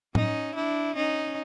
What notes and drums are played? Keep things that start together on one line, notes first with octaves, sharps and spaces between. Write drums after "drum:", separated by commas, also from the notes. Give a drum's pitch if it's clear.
C#4 D#4, drum: tom
D4 E4
C#4 D#4